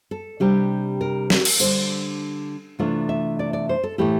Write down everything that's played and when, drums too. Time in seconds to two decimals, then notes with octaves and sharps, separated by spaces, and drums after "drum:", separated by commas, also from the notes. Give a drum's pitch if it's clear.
0.11 A4
0.40 C3 G3 D4 G4
1.01 A#4
1.30 A#4, drum: snare F#4
1.45 drum: cymbal
1.60 D3 G3 D4 C5, drum: tambourine
2.79 C3 E3 A3 D4 F4
3.09 E5
3.39 D5
3.53 D5
3.69 C5
3.83 A4
3.98 A2 E3 A3 E4 G4